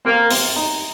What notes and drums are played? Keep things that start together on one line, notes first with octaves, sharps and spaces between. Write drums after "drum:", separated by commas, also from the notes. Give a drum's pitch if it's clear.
A#3 C4
C4, drum: open hi-hat
D#4